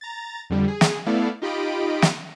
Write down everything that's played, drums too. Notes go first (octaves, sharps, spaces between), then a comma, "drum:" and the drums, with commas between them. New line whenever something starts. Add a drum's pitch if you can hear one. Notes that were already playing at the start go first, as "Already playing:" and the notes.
A#5 A6
F2 D3 G3
G#4
drum: snare
A3 B3 E4 A4 D5 F5
D#4 F4 G4 D#5 B5 D7
drum: snare